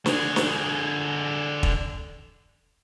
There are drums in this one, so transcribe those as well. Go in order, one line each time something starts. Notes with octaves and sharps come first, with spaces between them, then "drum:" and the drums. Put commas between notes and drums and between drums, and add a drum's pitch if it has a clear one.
D3 G#4, drum: snare
drum: snare
drum: kick